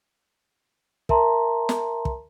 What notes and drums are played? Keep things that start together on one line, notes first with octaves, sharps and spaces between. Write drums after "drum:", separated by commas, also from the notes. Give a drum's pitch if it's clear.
A#4 E5 A5 A#5 C6, drum: kick
drum: snare
drum: kick